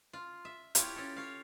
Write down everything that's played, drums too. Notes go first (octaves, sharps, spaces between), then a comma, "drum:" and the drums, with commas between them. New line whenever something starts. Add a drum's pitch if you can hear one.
F4
E5
E4 F4 G4 C#5, drum: hi-hat
C#4 A4
C#5 F5